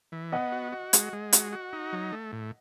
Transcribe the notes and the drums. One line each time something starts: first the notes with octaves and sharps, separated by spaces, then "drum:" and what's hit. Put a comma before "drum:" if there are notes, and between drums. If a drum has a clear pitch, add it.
E3
B3 D#5 F#5
F#4
F#4
G#3, drum: hi-hat
G#3
F#4, drum: hi-hat
F#4
D#4
F#3
A3
A2